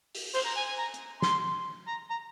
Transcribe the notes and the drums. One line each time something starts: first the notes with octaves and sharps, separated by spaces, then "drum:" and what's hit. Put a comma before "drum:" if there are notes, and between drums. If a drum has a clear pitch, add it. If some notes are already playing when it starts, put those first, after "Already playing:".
drum: open hi-hat
C5, drum: cymbal
A#5
G#5
G#5
A#5
drum: hi-hat
C6, drum: snare
A#5
A#5